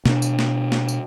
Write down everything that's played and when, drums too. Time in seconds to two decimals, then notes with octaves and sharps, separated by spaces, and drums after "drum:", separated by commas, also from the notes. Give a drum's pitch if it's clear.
0.05 B2 D4, drum: snare
0.22 drum: tambourine
0.39 drum: snare
0.72 drum: snare
0.89 drum: tambourine